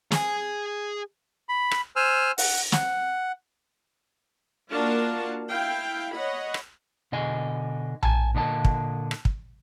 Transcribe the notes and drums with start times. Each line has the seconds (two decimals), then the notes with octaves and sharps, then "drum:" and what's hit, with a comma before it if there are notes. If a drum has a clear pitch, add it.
0.12 G#4 G#5, drum: snare
1.49 B5
1.71 drum: rim click
1.96 C5 G#5 E6 F6
2.38 F#5, drum: open hi-hat
2.72 F#5, drum: snare
4.71 A#3 D4 F4 F#4 F5 A5
5.49 E4 F5 G5
6.14 C#5 D#5 F#5 B5
6.54 drum: rim click
7.12 B2 D3 D#5 G#5
8.03 G#5 A5, drum: tom A#1
8.35 A#2 D3 D#5 A5
8.65 drum: kick
9.11 drum: rim click
9.25 drum: kick